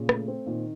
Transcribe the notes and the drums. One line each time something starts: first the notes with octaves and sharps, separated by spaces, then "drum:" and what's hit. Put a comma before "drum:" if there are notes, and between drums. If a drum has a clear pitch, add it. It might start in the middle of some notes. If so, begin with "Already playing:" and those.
Already playing: A#2 C#3
A3, drum: rim click
C4
A#2 D#3